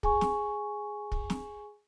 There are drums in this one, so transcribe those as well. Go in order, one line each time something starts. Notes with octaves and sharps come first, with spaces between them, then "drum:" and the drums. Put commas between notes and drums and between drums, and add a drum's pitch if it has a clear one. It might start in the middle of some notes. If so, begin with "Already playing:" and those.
G#4 G#5 C#6, drum: kick
drum: snare
drum: kick
drum: snare